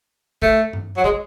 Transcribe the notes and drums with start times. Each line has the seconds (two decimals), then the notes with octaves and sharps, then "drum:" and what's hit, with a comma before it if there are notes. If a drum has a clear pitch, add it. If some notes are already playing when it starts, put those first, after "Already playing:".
0.42 A3, drum: kick
0.73 drum: tom G2
0.97 F#3
1.04 G#3, drum: kick